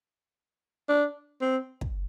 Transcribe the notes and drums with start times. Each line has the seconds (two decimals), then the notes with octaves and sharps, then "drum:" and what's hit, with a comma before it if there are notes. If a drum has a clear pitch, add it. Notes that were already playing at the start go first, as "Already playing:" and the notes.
0.89 D4
1.41 C4
1.81 drum: kick